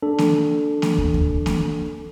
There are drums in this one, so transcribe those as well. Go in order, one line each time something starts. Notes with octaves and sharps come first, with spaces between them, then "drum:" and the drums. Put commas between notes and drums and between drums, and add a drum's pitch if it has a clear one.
D4 A4
drum: snare A#3
drum: snare A#3
drum: kick
drum: kick
drum: snare A#3